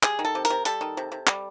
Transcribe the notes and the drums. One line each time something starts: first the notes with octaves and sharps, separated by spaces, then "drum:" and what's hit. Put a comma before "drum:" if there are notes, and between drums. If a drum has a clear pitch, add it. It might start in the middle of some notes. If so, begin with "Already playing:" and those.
G3 G#4, drum: clap
D#3
A4
C3
A#4, drum: hi-hat
C3
G3 A4, drum: hi-hat
D#3
C3
C3
G3, drum: clap